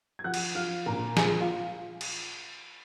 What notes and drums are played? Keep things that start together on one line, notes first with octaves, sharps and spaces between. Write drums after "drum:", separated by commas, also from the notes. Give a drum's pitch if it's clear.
G#6
F3 F#5 F#6
drum: cymbal
F3 F5 F6
A#2 A#4 A#5
F3 G#4 G#5, drum: snare
F4 F5
drum: cymbal